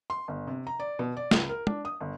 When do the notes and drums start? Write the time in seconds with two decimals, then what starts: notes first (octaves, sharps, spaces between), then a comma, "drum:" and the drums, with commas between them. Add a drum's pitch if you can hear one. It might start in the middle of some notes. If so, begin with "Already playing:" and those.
0.10 C6
0.28 G1
0.47 C3
0.67 A#5
0.80 D5
0.99 B2
1.17 D5
1.31 C#2, drum: snare
1.49 A#4
1.67 D4, drum: tom
1.85 D#6
2.01 G1